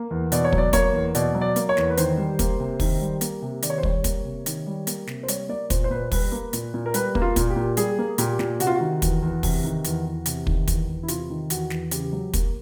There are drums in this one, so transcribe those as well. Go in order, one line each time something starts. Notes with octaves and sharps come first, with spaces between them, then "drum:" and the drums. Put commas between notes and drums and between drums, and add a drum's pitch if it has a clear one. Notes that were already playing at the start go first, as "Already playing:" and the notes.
Already playing: A#3
E2
B2 D5, drum: hi-hat
C#5
F#3, drum: kick
D5
A#3 C#5, drum: kick, hi-hat
E2
B2 D5, drum: hi-hat
F#3
D5
A#3, drum: hi-hat
C#5
E2, drum: snare
B4
D#3 C5, drum: hi-hat
G3
A#3, drum: kick, hi-hat
C3
D#3, drum: kick, open hi-hat
G3
A#3, drum: hi-hat
C3
D#3 D5, drum: hi-hat
C#5
C5
G3 C#5, drum: kick
A#3, drum: kick, hi-hat
C3
D#3, drum: hi-hat
G3
A#3, drum: hi-hat
C3, drum: snare
C5
G3 C#5, drum: hi-hat
A#3 D5
A#2 C5, drum: kick, hi-hat
C5
A#2 B4
C5
G3 B4, drum: kick, open hi-hat
A#3
A#2, drum: hi-hat
A#2
A#4
G3 B4, drum: hi-hat
A#3, drum: kick
F4
A#2, drum: kick, hi-hat
G4
A#2
G3 G#4, drum: hi-hat
A#3
A#2 G4, drum: hi-hat
A#2, drum: snare
C3 F#4, drum: hi-hat
F4
F#4
D#3
E2, drum: kick, hi-hat
E2
C3, drum: kick, open hi-hat
D#3
E2, drum: hi-hat
E2
C3, drum: hi-hat
D#3, drum: kick
E2, drum: kick, hi-hat
E2
E4
C3 F4, drum: hi-hat
D#3
E2 F#4, drum: hi-hat
E2, drum: snare
C#3 G4, drum: hi-hat
F#3
A#3, drum: kick, hi-hat